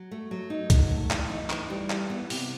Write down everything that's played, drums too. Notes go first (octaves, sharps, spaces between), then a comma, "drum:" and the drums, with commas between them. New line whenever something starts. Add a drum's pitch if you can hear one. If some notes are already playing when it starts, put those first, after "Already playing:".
Already playing: F#3
A3
F#3
D#4
F#3, drum: kick C2, hi-hat
A3
E3, drum: clap
D#4
E3, drum: clap
G3
E4, drum: clap
B3
C3, drum: open hi-hat